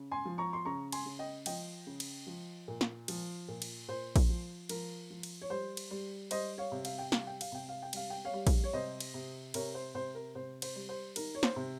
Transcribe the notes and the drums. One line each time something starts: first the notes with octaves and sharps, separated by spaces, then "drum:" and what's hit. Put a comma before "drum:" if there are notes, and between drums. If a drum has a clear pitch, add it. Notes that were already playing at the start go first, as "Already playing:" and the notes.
Already playing: C#3
G#5 C6
F3
A#5 C#6
C6
C#3 A#5 C#6
G#5 C6, drum: cymbal
C#3
D#5 G5
F3 D#5 G5, drum: cymbal
C#3
drum: cymbal
F3
A#2
drum: snare
F3, drum: cymbal
A#2
drum: cymbal
A#2 C5
drum: kick A#1, cymbal
F3
F3 A#4, drum: cymbal
F3
drum: cymbal
C#5
G3 C5
drum: cymbal
G3
G3 C5 D#5, drum: cymbal
C#5 F5
C3
F5, drum: cymbal
G5
G3 F5, drum: snare
G5
F5, drum: cymbal
C3 G5
F5
G5
G3 F5, drum: cymbal
G5
C#5 F5
G3
drum: kick A#1, cymbal
C#5
C3 C5 D#5
drum: cymbal
C3
C3 A#4 C#5, drum: cymbal
C5
C3 C5
A#4
C3 C5
C5, drum: cymbal
G3
C5
D#3 A#4, drum: cymbal
C#5
C5, drum: snare
C3